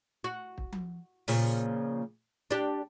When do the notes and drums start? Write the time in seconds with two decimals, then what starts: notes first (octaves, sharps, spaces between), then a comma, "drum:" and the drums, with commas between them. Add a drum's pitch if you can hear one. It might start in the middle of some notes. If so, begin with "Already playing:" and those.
0.24 F#4
0.58 drum: kick
0.72 drum: tom F3
1.28 A#2 C#3 F3, drum: open hi-hat
2.51 D4 G4, drum: hi-hat